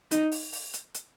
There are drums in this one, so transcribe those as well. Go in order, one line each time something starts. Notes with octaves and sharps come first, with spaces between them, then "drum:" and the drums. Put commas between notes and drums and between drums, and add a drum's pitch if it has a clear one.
D#4, drum: hi-hat
drum: open hi-hat
drum: open hi-hat
drum: hi-hat
drum: hi-hat